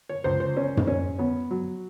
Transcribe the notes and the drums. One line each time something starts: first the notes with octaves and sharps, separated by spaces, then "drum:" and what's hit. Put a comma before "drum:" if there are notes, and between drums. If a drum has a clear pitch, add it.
C#5
C#2 C5
C5
C#4
drum: tom
C#4
B3 C#5
F#3